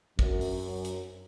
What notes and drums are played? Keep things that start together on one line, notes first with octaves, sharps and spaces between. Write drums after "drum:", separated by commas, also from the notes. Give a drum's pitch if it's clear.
F#2, drum: kick
drum: open hi-hat
drum: hi-hat